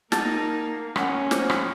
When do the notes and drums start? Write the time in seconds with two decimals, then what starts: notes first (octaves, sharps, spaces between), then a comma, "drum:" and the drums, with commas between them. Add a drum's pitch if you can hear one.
0.12 A#3 D#4 F#5 A5 A6, drum: snare
0.96 C#4 F#5 F#6, drum: rim click
1.31 F3 C5 D6 F6, drum: snare
1.50 drum: rim click